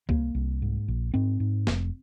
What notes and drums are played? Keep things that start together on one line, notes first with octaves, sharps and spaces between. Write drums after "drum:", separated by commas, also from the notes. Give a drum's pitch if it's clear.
C2 A#3, drum: kick C#2
C2
G#2
A#1
G#2 C4
G#2
F1, drum: snare